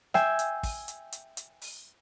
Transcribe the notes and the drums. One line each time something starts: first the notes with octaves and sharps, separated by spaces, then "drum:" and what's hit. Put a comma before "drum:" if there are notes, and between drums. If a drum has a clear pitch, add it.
E5 G5 G#5 C7 E7, drum: snare
drum: hi-hat
drum: kick, open hi-hat
drum: hi-hat
drum: hi-hat
drum: hi-hat
drum: open hi-hat